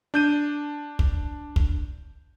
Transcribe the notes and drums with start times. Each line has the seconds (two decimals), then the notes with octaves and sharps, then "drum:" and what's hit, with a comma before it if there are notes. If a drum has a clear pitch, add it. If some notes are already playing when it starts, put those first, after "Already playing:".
0.14 D4 G6 D#7
0.99 drum: kick
1.56 drum: kick